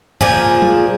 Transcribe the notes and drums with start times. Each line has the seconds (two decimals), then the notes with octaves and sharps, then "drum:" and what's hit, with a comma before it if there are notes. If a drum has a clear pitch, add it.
0.21 A#2 F3 G#4, drum: tom F#2
0.62 drum: tom